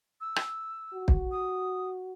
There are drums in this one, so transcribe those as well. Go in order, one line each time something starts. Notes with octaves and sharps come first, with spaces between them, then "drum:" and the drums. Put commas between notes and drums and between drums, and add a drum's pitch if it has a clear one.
E6
drum: rim click
F#4
drum: kick
D#6